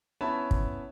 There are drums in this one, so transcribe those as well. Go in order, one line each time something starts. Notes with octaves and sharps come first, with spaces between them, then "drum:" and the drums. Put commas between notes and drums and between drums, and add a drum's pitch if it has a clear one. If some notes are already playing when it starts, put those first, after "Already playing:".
B3 C#4 E4 C#5 A5 B5
drum: kick